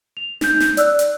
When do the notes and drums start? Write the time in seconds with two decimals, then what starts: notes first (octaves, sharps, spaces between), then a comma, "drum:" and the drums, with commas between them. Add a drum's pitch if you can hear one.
0.17 F7
0.41 D#4 G6, drum: snare
0.60 drum: snare
0.77 D5 E6 F#6, drum: hi-hat
0.99 drum: hi-hat